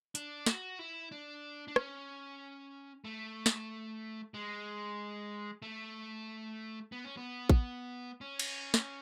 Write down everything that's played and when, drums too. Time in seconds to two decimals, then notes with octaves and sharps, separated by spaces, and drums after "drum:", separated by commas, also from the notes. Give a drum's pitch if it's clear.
0.15 D4, drum: hi-hat
0.46 F#4, drum: snare
0.79 E4
1.11 D4
1.68 D4
1.76 C#4, drum: rim click
3.05 A3
3.46 drum: snare
4.34 G#3
5.62 A3
6.92 B3
7.04 C#4
7.17 B3
7.50 drum: kick A1
8.21 C#4
8.39 drum: cymbal
8.74 drum: snare